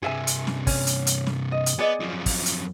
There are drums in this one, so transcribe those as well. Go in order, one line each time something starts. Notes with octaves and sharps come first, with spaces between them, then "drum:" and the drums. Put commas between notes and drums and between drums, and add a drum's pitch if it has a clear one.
G2 C3 G#4 E5 G#5
drum: hi-hat
drum: snare
C#4, drum: kick, open hi-hat
drum: hi-hat
drum: hi-hat
drum: snare
D#5
drum: hi-hat
B3 G#4 D5 D#5
F#2 F3
drum: kick, open hi-hat
drum: hi-hat